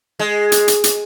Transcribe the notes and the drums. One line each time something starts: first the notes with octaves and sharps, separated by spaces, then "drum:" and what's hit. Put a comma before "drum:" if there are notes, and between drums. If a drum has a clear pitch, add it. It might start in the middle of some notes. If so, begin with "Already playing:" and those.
G#3
drum: hi-hat
drum: hi-hat
drum: hi-hat